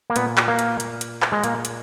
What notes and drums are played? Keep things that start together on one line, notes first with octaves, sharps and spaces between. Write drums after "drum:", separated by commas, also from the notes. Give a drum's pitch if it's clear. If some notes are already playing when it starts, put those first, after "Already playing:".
A#3
A#2 B3, drum: hi-hat
drum: clap
A#3
drum: hi-hat
drum: hi-hat
drum: hi-hat
drum: clap
G#3
A#2 A#3, drum: hi-hat
drum: hi-hat